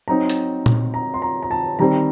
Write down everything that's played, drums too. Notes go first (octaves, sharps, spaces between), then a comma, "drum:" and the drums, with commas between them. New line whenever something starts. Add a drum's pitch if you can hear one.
F#3 C4 D#4 A#5
drum: hi-hat
drum: tom A#2
A#5
C6
A#5
A#5
A5
D#3 G3 C4 A#5